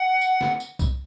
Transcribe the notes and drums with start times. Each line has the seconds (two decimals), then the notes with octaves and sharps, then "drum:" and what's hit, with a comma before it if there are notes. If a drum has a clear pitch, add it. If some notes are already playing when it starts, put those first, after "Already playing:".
Already playing: F#5
0.21 drum: tambourine
0.41 drum: snare
0.60 drum: tambourine
0.79 drum: kick C2, tambourine